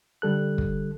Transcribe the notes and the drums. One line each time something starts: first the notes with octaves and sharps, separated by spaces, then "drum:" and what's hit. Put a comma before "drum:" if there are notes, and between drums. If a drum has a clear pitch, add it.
D3 G3 A4 F#6
drum: kick